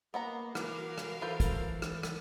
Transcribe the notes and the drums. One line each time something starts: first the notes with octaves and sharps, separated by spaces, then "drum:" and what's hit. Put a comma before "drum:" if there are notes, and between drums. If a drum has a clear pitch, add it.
A#3 B3 F#5 A#5
E3 F#4 A#4 F5 D6, drum: rim click
drum: rim click
E3 F3 F4 A4 B4 G6
drum: kick, hi-hat
drum: rim click
drum: rim click